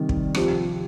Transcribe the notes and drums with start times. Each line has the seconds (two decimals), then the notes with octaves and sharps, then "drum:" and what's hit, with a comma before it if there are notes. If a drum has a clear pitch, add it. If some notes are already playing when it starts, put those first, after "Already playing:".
Already playing: C3 D#3 G3
0.09 drum: kick
0.35 C3 F3 C4 G4, drum: rim click